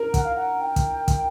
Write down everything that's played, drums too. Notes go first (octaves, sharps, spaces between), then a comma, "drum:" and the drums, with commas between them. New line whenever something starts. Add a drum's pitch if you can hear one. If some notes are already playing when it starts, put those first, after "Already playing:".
Already playing: A#4
F#5, drum: kick, hi-hat
F5
F#5
G5
drum: kick, hi-hat
drum: kick, hi-hat